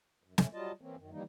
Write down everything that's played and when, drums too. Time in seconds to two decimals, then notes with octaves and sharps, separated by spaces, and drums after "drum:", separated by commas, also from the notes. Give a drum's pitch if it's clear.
0.24 F#2
0.38 A3 C#4, drum: snare
0.53 F#3 G3 F4 D#5 A5
0.81 E3 A#3 C4 C#4
0.97 F#2 D#3
1.12 D#3 E3 G3 A#3 D#4